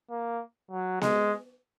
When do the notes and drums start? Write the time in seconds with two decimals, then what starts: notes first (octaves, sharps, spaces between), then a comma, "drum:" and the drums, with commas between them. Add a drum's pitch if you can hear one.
0.10 A#3
0.71 F#3
1.01 G#3, drum: snare B3